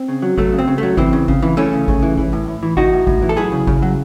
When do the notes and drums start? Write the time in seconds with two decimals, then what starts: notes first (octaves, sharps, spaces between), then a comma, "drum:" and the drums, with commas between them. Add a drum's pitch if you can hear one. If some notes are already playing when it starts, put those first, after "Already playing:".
Already playing: C4
0.08 C#3
0.22 F#3
0.38 F#3 A3, drum: kick G#1
0.52 C#3
0.59 C4
0.68 C#3
0.78 F#3 A3
0.97 E3 C4, drum: kick G#1
1.13 C#3
1.28 C#3, drum: kick G#1
1.42 E3
1.57 E3 A3 C#4
1.73 C#3
1.88 C#3, drum: kick G#1
2.03 E3
2.17 E3, drum: kick G#1
2.33 A2
2.48 A2
2.63 E3
2.77 E3 D#4 F#4, drum: kick G#1
2.93 A2
3.07 A2, drum: kick G#1
3.22 E3
3.29 A4
3.37 F#3 E4 G#4
3.52 C#3
3.67 C#3, drum: kick G#1
3.82 F#3